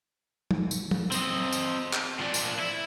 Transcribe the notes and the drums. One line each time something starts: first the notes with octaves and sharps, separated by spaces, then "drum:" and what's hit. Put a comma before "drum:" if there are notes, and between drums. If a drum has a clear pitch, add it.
drum: tom
drum: tambourine
drum: tom
C4 D#5, drum: tambourine
drum: tambourine
drum: clap
F3 D4
drum: tambourine
E4